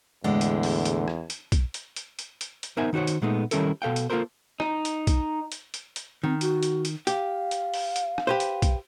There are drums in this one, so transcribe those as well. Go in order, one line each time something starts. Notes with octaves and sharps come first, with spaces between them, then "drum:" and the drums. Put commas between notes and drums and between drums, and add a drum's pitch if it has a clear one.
E2 A2 D3 G#3
drum: hi-hat
drum: open hi-hat
drum: hi-hat
drum: rim click
drum: hi-hat
drum: kick, hi-hat
drum: hi-hat
drum: hi-hat
drum: hi-hat
drum: hi-hat
drum: hi-hat
B3 D#4 A#4 C5 E5 G#5
D#3 D#4 F#4 C5 C#5
drum: hi-hat
A#2 G#3 A3 B3 D#4
D#3 G3 C#4 E4 A4 A#4, drum: hi-hat
B2 A4 F5 G5
drum: hi-hat
A#3 F4 F#4 A4 A#4 C5
D#4, drum: rim click
drum: hi-hat
drum: kick, hi-hat
drum: hi-hat
drum: hi-hat
drum: hi-hat
D#3 C4
F#4, drum: hi-hat
drum: hi-hat
drum: hi-hat
G4 F5, drum: hi-hat
drum: hi-hat
drum: open hi-hat
drum: hi-hat
drum: rim click
G4 B4 C5
drum: hi-hat
drum: kick, hi-hat